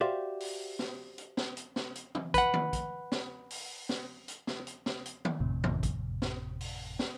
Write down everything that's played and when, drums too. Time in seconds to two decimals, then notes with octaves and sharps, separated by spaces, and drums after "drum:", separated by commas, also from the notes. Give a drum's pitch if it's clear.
0.01 F#4 G4 C5 D5 E5 F5
0.40 drum: open hi-hat
0.79 drum: snare
1.18 drum: hi-hat
1.37 drum: snare
1.57 drum: hi-hat
1.76 drum: snare
1.95 drum: hi-hat
2.15 drum: tom
2.34 B4 F#5, drum: kick, hi-hat
2.54 drum: tom D#3
2.73 drum: kick, hi-hat
3.12 drum: snare
3.50 drum: open hi-hat
3.89 drum: snare
4.28 drum: hi-hat
4.47 drum: snare
4.67 drum: hi-hat
4.86 drum: snare
5.06 drum: hi-hat
5.25 drum: tom D#3
5.40 G#1 F2 A2 C3
5.64 drum: tom D#3
5.83 drum: kick, hi-hat
6.22 drum: snare
6.61 drum: open hi-hat
6.99 drum: snare